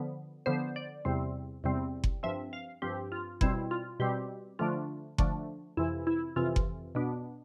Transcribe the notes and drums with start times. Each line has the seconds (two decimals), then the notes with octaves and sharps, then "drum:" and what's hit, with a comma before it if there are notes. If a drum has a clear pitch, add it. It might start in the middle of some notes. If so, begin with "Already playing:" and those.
Already playing: D3 F3 B3
0.46 D3 F3 B3 C5
0.76 D5
1.05 E2 C3 G3 C4
1.64 E2 C3 G3 C4
2.04 drum: kick F#1
2.23 G2 F3 C4 E5
2.53 F5
2.82 G2 F3 C4 G4
3.12 F4
3.41 B2 G3 C4 E4, drum: kick F#1
3.71 F4
4.00 B2 G3 C4 G4
4.59 D3 F3 A3 D4 F4
5.18 D3 F3 A3 D4, drum: kick F#1
5.77 F2 C3 E3 E4
6.07 E4
6.36 F2 C3 E3 F4
6.56 drum: kick F#1
6.95 B2 B3 D4